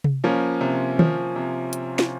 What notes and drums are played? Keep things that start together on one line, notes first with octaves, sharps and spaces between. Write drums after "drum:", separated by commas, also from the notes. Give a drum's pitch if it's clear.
drum: tom C3
F3 A#3 C#4
C3
F3, drum: tom D#3
C3
drum: hi-hat
drum: snare